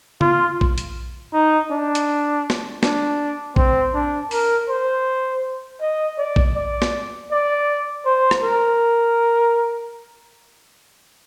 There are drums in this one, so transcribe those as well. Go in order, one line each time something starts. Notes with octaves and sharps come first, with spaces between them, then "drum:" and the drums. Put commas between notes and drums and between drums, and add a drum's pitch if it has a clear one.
F4, drum: tom C#3
drum: kick A#1
drum: hi-hat
D#4
D4
drum: hi-hat
drum: snare
D4, drum: snare
C4, drum: kick A#1
D4
A#4, drum: open hi-hat
C5
D#5
D5
drum: kick A#1
D5
drum: snare
D5
C5
drum: rim click
A#4